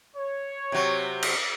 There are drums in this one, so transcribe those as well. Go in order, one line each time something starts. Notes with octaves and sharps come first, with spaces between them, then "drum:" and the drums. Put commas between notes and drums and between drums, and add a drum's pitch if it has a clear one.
C#5
C3 F#3
drum: cymbal